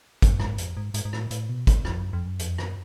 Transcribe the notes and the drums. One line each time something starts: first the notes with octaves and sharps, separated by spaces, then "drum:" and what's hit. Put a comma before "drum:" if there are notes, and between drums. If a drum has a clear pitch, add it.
F#2, drum: kick, hi-hat
G#2, drum: rim click
F2, drum: hi-hat
G#2
G#2, drum: hi-hat
G#2
A2, drum: rim click
A2, drum: hi-hat
B2
drum: kick, hi-hat
F2, drum: rim click
F#2
F2
F#2
F2, drum: hi-hat
F#2, drum: rim click